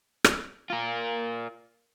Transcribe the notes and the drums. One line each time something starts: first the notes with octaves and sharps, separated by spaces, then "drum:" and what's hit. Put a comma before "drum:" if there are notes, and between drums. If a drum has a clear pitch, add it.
drum: rim click
F4 A#4